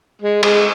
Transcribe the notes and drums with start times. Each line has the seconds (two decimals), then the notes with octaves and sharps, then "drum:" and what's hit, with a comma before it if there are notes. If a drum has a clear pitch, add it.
0.22 G#3
0.43 G#3, drum: cymbal